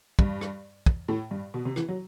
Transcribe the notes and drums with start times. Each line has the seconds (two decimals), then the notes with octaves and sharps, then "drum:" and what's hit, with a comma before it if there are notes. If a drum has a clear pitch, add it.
0.19 G2, drum: kick
0.41 drum: rim click
0.86 drum: kick
1.08 A2
1.31 G2
1.54 B2
1.65 C3
1.76 E3, drum: rim click
1.89 F#3